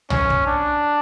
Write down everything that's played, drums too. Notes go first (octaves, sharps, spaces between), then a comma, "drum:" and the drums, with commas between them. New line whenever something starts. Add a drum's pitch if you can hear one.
C#4, drum: tom
drum: kick
D4